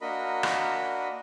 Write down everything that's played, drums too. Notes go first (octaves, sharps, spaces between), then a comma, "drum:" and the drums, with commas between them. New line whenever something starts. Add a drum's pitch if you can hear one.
A#3 D4 F#4 A#4 D#5 B5
drum: rim click